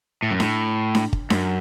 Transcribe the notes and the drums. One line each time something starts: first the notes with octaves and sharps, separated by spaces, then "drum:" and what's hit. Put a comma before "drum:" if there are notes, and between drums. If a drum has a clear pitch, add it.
A2
F#2
A2, drum: snare D4
drum: snare D4
drum: kick G1
F#2, drum: snare D4